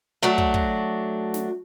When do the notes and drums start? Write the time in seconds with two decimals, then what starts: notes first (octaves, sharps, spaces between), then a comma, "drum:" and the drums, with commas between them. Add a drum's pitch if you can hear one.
0.22 F#3 A3 D4 F#4
0.38 drum: kick
0.54 drum: kick
1.34 drum: snare